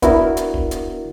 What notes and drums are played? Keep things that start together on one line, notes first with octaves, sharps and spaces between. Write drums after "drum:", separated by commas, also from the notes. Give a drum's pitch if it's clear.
B3 D4 E4 F#4 A#4, drum: kick, hi-hat
drum: hi-hat
drum: kick
drum: hi-hat